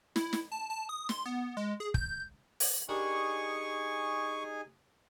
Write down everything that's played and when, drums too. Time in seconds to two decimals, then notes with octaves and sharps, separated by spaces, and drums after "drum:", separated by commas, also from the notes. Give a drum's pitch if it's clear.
0.16 E4, drum: snare
0.33 drum: snare
0.52 A5
0.70 A5
0.89 D#6
1.09 C6, drum: snare
1.26 B3
1.57 G#3
1.80 G#4
1.94 G6, drum: kick
2.60 drum: open hi-hat
2.89 G3 D4 D#4 G#4 A#4 G#5 C#6